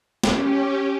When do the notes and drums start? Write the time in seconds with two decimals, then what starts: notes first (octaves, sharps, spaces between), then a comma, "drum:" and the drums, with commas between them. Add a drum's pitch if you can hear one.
0.23 C#4 G4, drum: snare